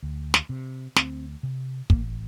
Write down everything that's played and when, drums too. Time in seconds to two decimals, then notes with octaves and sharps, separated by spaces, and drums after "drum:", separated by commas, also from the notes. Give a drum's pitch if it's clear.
0.03 D2
0.34 drum: snare
0.49 C3
0.96 D2 C4, drum: snare
1.43 C3
1.90 A1 A#3, drum: kick